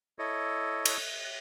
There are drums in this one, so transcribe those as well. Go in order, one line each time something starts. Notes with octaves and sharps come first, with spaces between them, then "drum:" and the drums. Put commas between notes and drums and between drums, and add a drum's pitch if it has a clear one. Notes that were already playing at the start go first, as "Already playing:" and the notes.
E4 A4 C#5 D#5
drum: cymbal